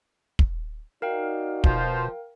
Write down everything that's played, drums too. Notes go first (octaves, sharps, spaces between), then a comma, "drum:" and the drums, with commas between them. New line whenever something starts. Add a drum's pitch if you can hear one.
drum: kick
D#4 F#4 A#4 D5 F5 G5
B2 F3 F4 C5, drum: kick